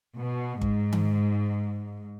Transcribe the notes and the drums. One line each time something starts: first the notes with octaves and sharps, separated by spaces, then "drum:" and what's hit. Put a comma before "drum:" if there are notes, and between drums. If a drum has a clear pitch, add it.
B2
G#2, drum: kick G1
drum: tom D#3